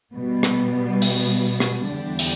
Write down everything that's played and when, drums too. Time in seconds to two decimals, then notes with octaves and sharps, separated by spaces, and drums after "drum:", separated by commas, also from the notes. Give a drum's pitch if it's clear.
0.14 B2 G3 B3
0.43 drum: rim click
1.02 drum: open hi-hat
1.60 drum: rim click
1.89 E2 D3 G3 D4 G4
2.19 drum: open hi-hat